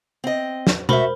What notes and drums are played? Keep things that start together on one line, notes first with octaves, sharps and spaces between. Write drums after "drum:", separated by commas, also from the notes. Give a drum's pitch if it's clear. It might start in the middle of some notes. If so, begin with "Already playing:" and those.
C4 D#5
drum: snare
F#4 A#4 C5 E5 B5, drum: tom B2